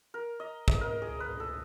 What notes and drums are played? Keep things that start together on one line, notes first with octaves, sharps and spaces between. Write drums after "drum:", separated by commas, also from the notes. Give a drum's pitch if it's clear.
A#4
D#5
D#5, drum: kick
A#4
G#4
B4
A4